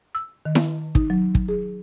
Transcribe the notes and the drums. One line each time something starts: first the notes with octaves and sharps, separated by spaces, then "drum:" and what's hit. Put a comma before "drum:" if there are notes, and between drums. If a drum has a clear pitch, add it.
E6
D#3
drum: snare E4
D#4, drum: kick
F#3
drum: kick
G#4